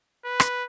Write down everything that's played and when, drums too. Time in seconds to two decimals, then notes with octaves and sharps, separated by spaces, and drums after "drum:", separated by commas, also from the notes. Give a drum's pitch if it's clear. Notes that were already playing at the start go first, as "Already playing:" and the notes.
0.25 B4
0.40 drum: rim click